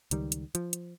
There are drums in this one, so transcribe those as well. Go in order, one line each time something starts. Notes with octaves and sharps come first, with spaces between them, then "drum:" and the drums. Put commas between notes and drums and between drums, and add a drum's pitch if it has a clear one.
C#2 D#3 G3, drum: hi-hat
drum: hi-hat
F3, drum: hi-hat
drum: hi-hat